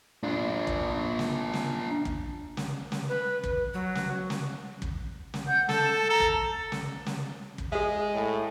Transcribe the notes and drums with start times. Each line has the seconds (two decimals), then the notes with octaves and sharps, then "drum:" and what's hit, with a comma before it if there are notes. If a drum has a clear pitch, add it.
0.24 D4 F4
0.67 drum: kick
1.19 drum: snare
1.53 drum: snare
2.05 drum: kick
2.57 drum: snare
2.92 drum: snare
3.09 B4
3.44 drum: kick
3.74 F#3
3.95 drum: snare
4.30 drum: snare
4.82 drum: kick
5.34 drum: snare
5.46 F#5 G6
5.69 A4 A5, drum: snare
5.92 A5
6.10 A4 A#5
6.20 drum: kick
6.72 drum: snare
7.06 drum: snare
7.58 drum: kick
7.72 G#3 G#4 E5
8.14 A2